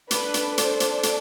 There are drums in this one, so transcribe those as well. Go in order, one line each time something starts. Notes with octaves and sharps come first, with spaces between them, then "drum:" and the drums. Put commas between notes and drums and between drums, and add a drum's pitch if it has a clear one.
D4 A4 B4, drum: hi-hat
drum: hi-hat
C5, drum: hi-hat
drum: hi-hat
drum: hi-hat